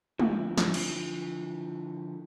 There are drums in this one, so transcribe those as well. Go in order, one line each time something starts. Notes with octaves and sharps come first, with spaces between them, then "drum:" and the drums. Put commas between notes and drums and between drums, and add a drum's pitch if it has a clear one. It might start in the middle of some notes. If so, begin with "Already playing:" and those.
D3 F3 D#4 E4, drum: tom
drum: snare
drum: cymbal